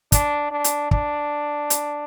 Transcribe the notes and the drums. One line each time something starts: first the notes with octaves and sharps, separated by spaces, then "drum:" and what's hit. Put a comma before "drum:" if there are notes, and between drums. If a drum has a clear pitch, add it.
D4, drum: kick, hi-hat
D4
drum: hi-hat
D4, drum: kick
drum: hi-hat